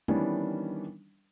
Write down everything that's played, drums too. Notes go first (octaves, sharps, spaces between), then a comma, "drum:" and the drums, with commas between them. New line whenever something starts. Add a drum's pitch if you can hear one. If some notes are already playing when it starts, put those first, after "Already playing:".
D#3 E3 G3 B3 C#4 D4, drum: tom G#3